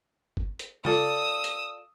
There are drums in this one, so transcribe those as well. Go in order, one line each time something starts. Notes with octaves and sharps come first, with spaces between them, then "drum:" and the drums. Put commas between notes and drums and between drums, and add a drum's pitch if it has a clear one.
drum: kick
drum: hi-hat
F4 A4 D5 D#6 E6, drum: tom C#3
drum: hi-hat